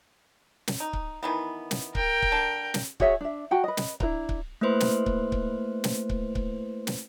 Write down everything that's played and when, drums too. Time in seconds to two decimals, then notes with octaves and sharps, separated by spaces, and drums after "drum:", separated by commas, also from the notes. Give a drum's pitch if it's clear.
0.68 drum: snare
0.80 D#4
0.93 drum: kick C#1
1.23 D#3 E3 B3
1.71 drum: snare
1.95 A#4 G5, drum: kick C#1
2.22 drum: kick C#1
2.32 D3 A5
2.74 drum: snare
3.00 F#4 G#4 C#5 E5, drum: kick C#1
3.21 D4 E5
3.51 F#4 G5 A5
3.64 B4 D#5
3.77 drum: snare
4.00 D4 E4 B4 A#5, drum: kick C#1
4.29 drum: kick C#1
4.61 A3 A#3 E4 B4 C5 C6
4.80 drum: snare
5.06 drum: kick C#1
5.32 drum: kick C#1
5.84 drum: snare
6.09 drum: kick C#1
6.35 drum: kick C#1
6.87 drum: snare